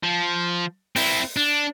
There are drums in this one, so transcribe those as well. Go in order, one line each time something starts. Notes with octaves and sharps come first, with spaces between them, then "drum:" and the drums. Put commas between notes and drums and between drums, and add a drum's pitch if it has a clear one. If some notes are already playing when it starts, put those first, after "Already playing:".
F3
C4 E4, drum: open hi-hat
D4